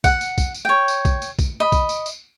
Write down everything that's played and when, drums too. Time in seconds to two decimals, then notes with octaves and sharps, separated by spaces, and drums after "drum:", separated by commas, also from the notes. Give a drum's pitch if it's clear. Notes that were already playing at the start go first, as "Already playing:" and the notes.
0.04 F#5, drum: kick, tambourine
0.21 drum: tambourine
0.38 drum: kick, tambourine
0.54 drum: tambourine
0.65 C#5 G5
0.88 drum: tambourine
1.05 drum: kick, tambourine
1.22 drum: tambourine
1.39 drum: kick, tambourine
1.60 D#5 B5
1.72 drum: kick, tambourine
1.89 drum: tambourine
2.06 drum: tambourine